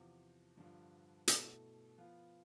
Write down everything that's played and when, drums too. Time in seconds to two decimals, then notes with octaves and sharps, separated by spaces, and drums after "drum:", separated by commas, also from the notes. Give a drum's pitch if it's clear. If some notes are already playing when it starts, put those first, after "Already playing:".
Already playing: E2 C3 F3
0.57 G2 D3 F3
1.28 B2 A3 E4 A4, drum: hi-hat
1.98 F3 B3 F4